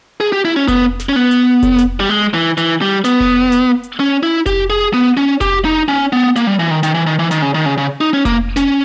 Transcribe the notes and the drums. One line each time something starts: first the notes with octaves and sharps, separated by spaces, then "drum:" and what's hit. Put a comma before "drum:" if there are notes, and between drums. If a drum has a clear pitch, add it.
G#4
G4
E4
C#4
B3, drum: kick F1, hi-hat
drum: snare
C#4
B3
drum: hi-hat
drum: kick F1, hi-hat
drum: snare
G3
G#3
E3
E3, drum: hi-hat
G3
B3, drum: snare
drum: kick F1
drum: snare
drum: hi-hat
C#4
E4
G4, drum: kick F1, hi-hat
G#4
B3
C#4
G4, drum: kick F1, hi-hat
D#4
C#4
B3
A#3, drum: hi-hat
G3
E3
D#3
D#3, drum: snare
E3
D#3
E3
D#3, drum: snare
C#3
D#3
C#3
C#3
D#4
C#4
A#3, drum: kick F1, hi-hat
C#4, drum: snare